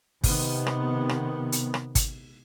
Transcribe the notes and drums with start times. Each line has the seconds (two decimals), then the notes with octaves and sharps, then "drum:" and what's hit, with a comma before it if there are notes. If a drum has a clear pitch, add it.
0.24 C3 D#3 B3, drum: kick G#1, open hi-hat
0.66 drum: rim click
1.09 drum: rim click
1.52 drum: hi-hat
1.74 drum: rim click
1.95 drum: kick G#1, hi-hat